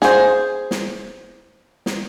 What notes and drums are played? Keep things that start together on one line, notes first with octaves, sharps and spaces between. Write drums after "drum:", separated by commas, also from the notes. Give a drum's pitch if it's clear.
G#4 C5, drum: snare
drum: snare
drum: snare